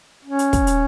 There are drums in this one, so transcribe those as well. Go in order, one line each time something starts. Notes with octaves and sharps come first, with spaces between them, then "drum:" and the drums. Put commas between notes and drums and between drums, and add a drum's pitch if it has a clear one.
C#4
drum: hi-hat
drum: kick, hi-hat
drum: hi-hat